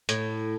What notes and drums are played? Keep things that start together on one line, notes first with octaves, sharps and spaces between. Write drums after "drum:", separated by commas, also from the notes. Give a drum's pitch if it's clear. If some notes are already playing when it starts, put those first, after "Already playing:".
A2, drum: hi-hat